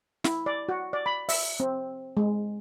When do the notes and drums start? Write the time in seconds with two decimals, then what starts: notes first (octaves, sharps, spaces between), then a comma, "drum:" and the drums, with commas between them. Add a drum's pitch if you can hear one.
0.24 E4, drum: snare
0.46 D5
0.69 F#4
0.93 D5
1.06 B5
1.29 E5, drum: open hi-hat
1.60 C4
2.17 G#3